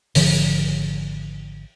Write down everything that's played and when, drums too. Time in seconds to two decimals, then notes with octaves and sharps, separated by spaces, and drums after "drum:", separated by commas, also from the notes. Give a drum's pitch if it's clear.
0.15 G#1 D3 F3, drum: open hi-hat